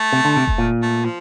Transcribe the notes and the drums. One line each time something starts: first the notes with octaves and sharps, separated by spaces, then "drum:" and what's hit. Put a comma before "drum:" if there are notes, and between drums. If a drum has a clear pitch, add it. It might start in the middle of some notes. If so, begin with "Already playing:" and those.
Already playing: A3
C3
D3
C3
drum: kick F1
A#2
A3
F3